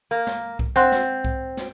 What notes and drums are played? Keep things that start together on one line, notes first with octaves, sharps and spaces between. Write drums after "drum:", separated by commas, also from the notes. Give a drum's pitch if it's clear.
A#3
drum: snare
drum: kick C2
C4 C5 F#5 C6 F#6
drum: snare
drum: kick C2
drum: snare